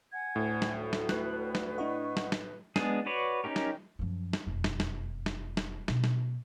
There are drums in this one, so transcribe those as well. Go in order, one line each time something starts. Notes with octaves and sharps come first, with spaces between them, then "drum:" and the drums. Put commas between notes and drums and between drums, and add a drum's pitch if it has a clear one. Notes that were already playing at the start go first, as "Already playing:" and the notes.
F#5 G#5 G#6
D2 A2
drum: snare
drum: snare
A3 B4 F#6, drum: snare
drum: snare
D4 E4 D#5 F#5 C#6
drum: snare
drum: snare
G#3 B3 D4 G#4, drum: snare
F#4 B4 C#5 D5
C#4 D#4 G4 A#4
drum: snare
F#2 F3
drum: snare
E1 F2
drum: snare
drum: snare
drum: snare
drum: snare
B2, drum: snare
drum: snare